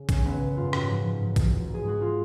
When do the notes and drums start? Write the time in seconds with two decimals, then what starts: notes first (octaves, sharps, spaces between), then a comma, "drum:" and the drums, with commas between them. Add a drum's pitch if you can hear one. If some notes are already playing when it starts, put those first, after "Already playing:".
Already playing: C#3
0.09 G#1 C#4, drum: kick A#1, hi-hat
0.25 G#1 B3
0.41 G#1
0.57 F#2 F4
0.73 G#2 F#4, drum: rim click
0.89 F3
1.05 G#2
1.21 A1
1.36 A1, drum: kick A#1, hi-hat
1.53 A1
1.68 G#2
1.74 G#4
1.85 G#3 F#4
2.00 G#3 F4